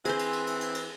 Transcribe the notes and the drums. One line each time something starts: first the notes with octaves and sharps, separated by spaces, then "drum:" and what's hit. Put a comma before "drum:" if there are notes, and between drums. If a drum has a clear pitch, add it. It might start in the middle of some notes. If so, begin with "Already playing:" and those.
E3 C4 G#4 C5, drum: cymbal
drum: cymbal
drum: cymbal
drum: cymbal
drum: cymbal
drum: cymbal